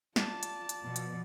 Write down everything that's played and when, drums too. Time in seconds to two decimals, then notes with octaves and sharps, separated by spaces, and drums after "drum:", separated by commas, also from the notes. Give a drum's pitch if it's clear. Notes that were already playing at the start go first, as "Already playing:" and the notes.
0.16 F4 D5 A5, drum: snare
0.43 drum: hi-hat
0.69 drum: hi-hat
0.82 B2 F3
0.96 drum: hi-hat